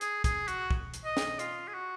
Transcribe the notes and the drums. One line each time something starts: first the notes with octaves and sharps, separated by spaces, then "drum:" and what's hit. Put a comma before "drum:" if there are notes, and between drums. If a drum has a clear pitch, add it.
G#4, drum: hi-hat
G#4, drum: kick, hi-hat
F#4, drum: hi-hat
drum: kick
drum: hi-hat
D#5
drum: snare
F4, drum: hi-hat
G#4
F#4